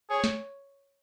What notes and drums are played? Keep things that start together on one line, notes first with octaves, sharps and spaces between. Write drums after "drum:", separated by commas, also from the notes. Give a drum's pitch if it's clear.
G#4 C#5
drum: snare